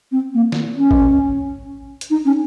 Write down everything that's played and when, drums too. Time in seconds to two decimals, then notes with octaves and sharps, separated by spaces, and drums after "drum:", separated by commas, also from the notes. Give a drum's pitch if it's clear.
0.12 C4
0.34 A#3
0.52 drum: snare
0.78 C#4
0.91 drum: kick A1
2.01 drum: hi-hat
2.10 D#4
2.25 C#4